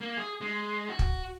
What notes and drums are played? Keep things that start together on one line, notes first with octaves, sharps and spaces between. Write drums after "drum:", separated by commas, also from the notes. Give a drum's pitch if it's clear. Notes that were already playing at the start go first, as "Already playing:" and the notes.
A#3
G#4
G#3
F#4
drum: kick